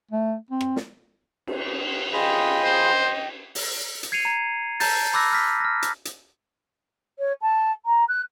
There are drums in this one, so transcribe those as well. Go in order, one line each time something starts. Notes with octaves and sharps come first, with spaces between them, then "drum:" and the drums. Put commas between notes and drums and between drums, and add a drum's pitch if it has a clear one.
A3
C4
drum: rim click
drum: snare
drum: cymbal
F4 G#4 D#5 G5 B5
C5
drum: open hi-hat
drum: hi-hat
G#6 C7 C#7 D#7 F7
A#5 G#6
A5 A#5 G6 A6, drum: open hi-hat
B5 D6 E6 F#6 A#6
F6 B6
F6 A#6
drum: hi-hat
drum: hi-hat
C#5
A5
A#5
F#6